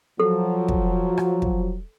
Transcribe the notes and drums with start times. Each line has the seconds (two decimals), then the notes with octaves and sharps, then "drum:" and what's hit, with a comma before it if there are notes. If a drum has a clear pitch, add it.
0.20 F3 F#3 A4
0.69 drum: kick
1.18 drum: rim click
1.42 drum: kick